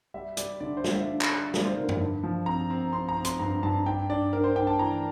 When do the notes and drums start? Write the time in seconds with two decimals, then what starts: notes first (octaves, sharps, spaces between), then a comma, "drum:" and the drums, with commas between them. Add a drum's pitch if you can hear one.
0.14 G3 E5
0.37 G3 D5, drum: hi-hat
0.60 D3 D5
0.77 C5
0.84 F4, drum: snare
0.92 E5
1.07 D4
1.21 drum: clap
1.30 G3
1.54 F4 D5, drum: snare
1.65 C5
1.77 D3 A#4
1.89 A#4, drum: tom F2
2.00 G2
2.23 F3
2.46 C4 A#5
2.70 C4
2.93 C4 C6
3.09 A#5
3.17 C4
3.25 C6, drum: hi-hat
3.39 G2 A#5
3.63 G2 A5
3.86 D4 G5
4.10 D4 D5
4.33 D4 A#4
4.44 C5
4.56 D4 G5
4.67 A5
4.79 E3 A#5